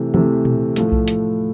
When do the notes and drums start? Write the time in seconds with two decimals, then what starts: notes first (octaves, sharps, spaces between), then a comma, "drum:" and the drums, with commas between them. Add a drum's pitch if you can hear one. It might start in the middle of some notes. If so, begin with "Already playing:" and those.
Already playing: C3 E3 A3
0.14 C3 E3 A3, drum: tom E3
0.45 drum: tom A#2
0.76 A2 F3 A3, drum: hi-hat
0.92 drum: kick B1
1.08 drum: hi-hat